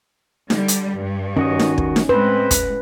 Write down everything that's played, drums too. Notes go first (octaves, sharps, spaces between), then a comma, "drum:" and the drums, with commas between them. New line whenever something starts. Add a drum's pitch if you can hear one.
D3 G3, drum: snare D#4
drum: hi-hat
G2
D#3 C#4 F#4 D#5
drum: snare D#4
drum: kick
drum: snare D#4
A2 G#3 C4 B4 C5
drum: kick, hi-hat